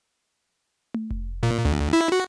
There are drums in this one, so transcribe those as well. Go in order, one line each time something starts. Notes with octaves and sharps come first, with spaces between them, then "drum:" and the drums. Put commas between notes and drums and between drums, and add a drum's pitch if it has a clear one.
drum: tom A3
drum: kick F1
A#2
D2
E4
F#4